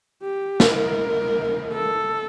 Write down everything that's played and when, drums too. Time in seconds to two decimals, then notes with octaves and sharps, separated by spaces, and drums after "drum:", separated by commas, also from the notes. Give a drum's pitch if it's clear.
0.22 G4
0.60 A#4, drum: snare
1.73 A4